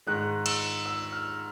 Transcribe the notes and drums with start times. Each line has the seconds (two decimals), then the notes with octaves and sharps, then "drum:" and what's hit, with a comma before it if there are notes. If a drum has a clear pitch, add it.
0.07 G#2 D#3 G#3 F#6
0.46 E6, drum: cymbal
0.86 E6
1.12 F6